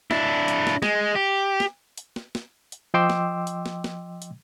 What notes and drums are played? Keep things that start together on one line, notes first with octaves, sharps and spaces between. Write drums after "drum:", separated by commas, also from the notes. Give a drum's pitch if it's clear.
D4 E4, drum: snare
drum: hi-hat
drum: snare
G#3, drum: snare
G4
drum: snare
drum: hi-hat
drum: snare
drum: snare
drum: hi-hat
F3 D#5 G5 C6 D6 E6
drum: snare
drum: hi-hat
drum: snare
drum: snare
drum: hi-hat